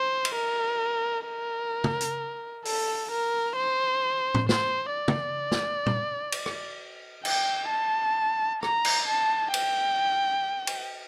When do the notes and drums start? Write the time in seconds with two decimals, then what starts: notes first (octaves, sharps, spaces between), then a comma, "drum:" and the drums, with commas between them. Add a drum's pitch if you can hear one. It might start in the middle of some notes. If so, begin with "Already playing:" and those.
Already playing: C5
0.25 drum: cymbal
0.35 A#4
1.27 A#4
1.84 drum: tom
2.01 drum: hi-hat
2.65 A4, drum: open hi-hat
3.11 A#4
3.57 C5
4.35 drum: tom A2
4.49 C5, drum: snare
4.95 D5
5.08 drum: tom
5.52 drum: snare
5.86 drum: tom A#2
6.32 drum: cymbal
6.46 drum: rim click
7.25 G5, drum: cymbal
7.70 A5
8.63 A#5, drum: rim click
8.85 drum: cymbal
9.08 A5
9.54 G5, drum: cymbal
10.67 drum: cymbal